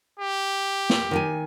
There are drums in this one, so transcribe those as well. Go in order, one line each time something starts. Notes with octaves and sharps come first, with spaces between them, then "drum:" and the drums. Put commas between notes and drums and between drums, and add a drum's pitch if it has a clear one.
G4
drum: snare A#3
D#3 G5 G#5